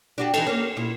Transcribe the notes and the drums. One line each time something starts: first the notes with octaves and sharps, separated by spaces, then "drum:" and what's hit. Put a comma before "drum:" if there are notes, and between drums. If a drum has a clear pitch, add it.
D4 F#4 G4
E3 D#4 A4, drum: cymbal
A#3 C#4
A#2 E4